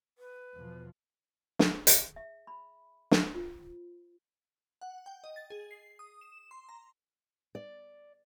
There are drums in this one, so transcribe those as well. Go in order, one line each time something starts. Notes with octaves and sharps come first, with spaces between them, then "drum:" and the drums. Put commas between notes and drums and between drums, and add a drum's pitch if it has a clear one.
B4
E2 B2 F3
G#4, drum: snare
drum: hi-hat
E5
B5
C5, drum: snare
F4
F#5
G5
D#5
A6
G#4
C7
D#6
E7
C6
A#5
D5